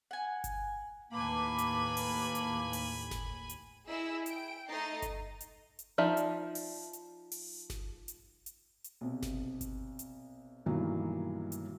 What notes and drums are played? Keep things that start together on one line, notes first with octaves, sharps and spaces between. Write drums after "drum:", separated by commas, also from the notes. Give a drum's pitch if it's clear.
F#5 G#5
drum: kick G1, hi-hat
D#2 A2 A#3 B4 G#5 A5 B5 D6
drum: hi-hat
drum: open hi-hat
drum: hi-hat
drum: open hi-hat
drum: snare G1
drum: hi-hat
E4 G#4 D#5 E6
G5 D7, drum: hi-hat
A3 D#4 D#5 A#5 A6 C7
drum: kick G1, hi-hat
drum: hi-hat
drum: hi-hat
F3 D#4 D5 E5
drum: hi-hat
drum: open hi-hat
drum: hi-hat
drum: open hi-hat
drum: snare G1
drum: hi-hat
drum: hi-hat
drum: hi-hat
B1 C3
drum: snare G1
drum: kick G1, hi-hat
drum: hi-hat
B1 G2 D#3 E3 F#3 A#3
drum: hi-hat